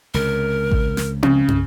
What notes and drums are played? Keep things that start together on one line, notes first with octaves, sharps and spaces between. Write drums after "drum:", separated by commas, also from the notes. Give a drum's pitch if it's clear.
C#2 C3 A#4
drum: kick A1
drum: snare
C#3, drum: tom C4
drum: tom